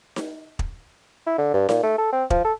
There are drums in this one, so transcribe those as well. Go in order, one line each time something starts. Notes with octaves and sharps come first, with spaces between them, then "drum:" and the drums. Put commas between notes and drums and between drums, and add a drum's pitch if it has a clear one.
drum: snare D#4
drum: kick
E4
D3
G2
A#2, drum: snare D#4
A3
A4
C4
F3, drum: kick
A4